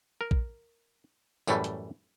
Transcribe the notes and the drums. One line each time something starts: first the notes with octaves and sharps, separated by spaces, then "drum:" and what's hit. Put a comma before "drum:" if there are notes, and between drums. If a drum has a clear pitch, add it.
A#4
drum: kick A#1
F#2 A2 E3 G3 A3, drum: tambourine
drum: hi-hat